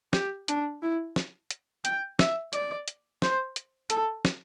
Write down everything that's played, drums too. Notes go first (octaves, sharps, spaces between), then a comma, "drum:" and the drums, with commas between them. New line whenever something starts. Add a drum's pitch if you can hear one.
G4, drum: snare
D4, drum: hi-hat
E4
drum: snare
drum: hi-hat
G5, drum: hi-hat
E5, drum: snare
D5, drum: hi-hat
drum: hi-hat
C5, drum: snare
drum: hi-hat
A4, drum: hi-hat
drum: snare